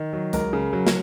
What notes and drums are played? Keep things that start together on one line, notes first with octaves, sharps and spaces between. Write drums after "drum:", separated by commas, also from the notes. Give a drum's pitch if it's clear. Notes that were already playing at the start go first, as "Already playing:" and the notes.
Already playing: D#3
F#3
C#2 A#4, drum: hi-hat
C#3
F#3
drum: snare